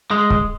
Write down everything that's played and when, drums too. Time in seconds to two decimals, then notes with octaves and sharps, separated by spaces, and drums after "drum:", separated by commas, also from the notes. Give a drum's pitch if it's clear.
0.11 G#3
0.30 drum: kick